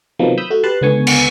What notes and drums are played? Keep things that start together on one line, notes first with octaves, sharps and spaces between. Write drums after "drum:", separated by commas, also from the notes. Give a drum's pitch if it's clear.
C3 D#3 F3 F#3 A#3 B3
B5 D#6 E6 G6
A3 F#4
G4 B4 A5 C6 F#6
C#2 D3 B3 G#5 C#6
drum: cymbal